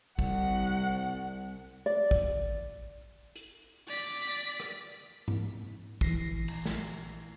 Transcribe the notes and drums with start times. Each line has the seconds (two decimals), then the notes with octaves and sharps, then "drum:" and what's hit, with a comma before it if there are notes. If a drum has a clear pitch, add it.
0.19 C2 F#5, drum: kick
1.86 D5
2.11 drum: kick
3.35 drum: hi-hat
3.87 D5 B6, drum: hi-hat
4.60 drum: rim click
5.28 drum: tom G#2
6.01 A#1 E3 A#6 C7, drum: kick
6.48 drum: cymbal
6.66 drum: snare